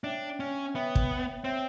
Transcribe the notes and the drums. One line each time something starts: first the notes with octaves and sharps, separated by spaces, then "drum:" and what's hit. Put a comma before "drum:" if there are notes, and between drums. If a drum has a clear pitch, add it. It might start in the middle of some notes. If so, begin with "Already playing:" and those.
D4 C#5 E5 G5
C#4
B3 C#5 E5 G5
drum: kick
C4 C#5 E5 G5